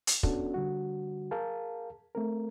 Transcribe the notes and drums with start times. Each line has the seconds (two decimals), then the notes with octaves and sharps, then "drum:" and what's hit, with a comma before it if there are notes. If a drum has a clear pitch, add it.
0.07 drum: hi-hat
0.23 B3 C#4 D4 F#4 A4, drum: kick
0.54 D3 G3 F#4
1.31 G#4 A#4 F5 A5
2.15 A3 C4 A#4